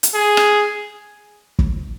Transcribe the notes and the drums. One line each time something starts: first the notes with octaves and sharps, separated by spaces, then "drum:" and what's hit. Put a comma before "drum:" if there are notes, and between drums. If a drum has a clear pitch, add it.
drum: hi-hat
G#4
drum: rim click
drum: kick